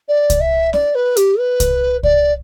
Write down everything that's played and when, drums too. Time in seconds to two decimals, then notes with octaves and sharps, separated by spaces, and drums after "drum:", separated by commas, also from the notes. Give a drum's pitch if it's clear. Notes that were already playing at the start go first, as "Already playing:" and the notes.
0.08 D5
0.30 drum: kick C2, hi-hat
0.41 E5
0.73 D5, drum: snare
0.95 B4
1.17 G4, drum: hi-hat
1.39 B4
1.60 drum: kick C2, hi-hat
2.03 D5, drum: kick C2